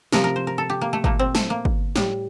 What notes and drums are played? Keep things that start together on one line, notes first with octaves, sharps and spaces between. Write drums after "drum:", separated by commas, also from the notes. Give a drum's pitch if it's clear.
C3 F3 A3 A#4, drum: snare
A#4
C5
A#4
A4
G4
A#3
A3
A#2 A3 A#3, drum: kick G1
C4
A3, drum: snare
A#3
drum: kick G1
A2 G3, drum: snare